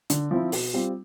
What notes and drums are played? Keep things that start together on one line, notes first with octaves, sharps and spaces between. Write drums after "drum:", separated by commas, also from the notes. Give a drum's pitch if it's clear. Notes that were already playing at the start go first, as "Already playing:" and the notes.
D3, drum: hi-hat
F3 C4 E4
B2, drum: open hi-hat
G3 C4 F4